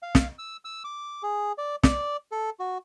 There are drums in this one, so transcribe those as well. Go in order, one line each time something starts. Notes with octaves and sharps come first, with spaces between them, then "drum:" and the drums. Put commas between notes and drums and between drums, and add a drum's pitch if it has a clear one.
F5
drum: snare
E6
E6
D6
G#4
D5
D5, drum: snare
A4
F#4